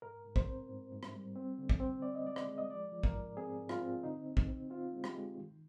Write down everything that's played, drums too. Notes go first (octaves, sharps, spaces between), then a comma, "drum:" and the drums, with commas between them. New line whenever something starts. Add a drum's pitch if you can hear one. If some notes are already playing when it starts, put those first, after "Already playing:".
G#2 A#4
G#2
C5, drum: kick
C4
G#2
G#2
drum: rim click
G3
C4
D3
drum: kick
C4
C4 D5
D#5
G#3 D5
drum: rim click
G#3
D#5
F3 D5
F3
A#4, drum: kick
G#2
C4 G#4
G#2
F4, drum: rim click
C4
D3 D#4
C4
drum: kick
C4
C4 F4
G#3
G4, drum: rim click
G#3
D#3